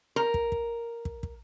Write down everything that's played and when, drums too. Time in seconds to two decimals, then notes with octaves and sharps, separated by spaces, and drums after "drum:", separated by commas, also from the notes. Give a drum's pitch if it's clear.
0.16 A#4
0.34 drum: kick
0.52 drum: kick
1.05 drum: kick
1.23 drum: kick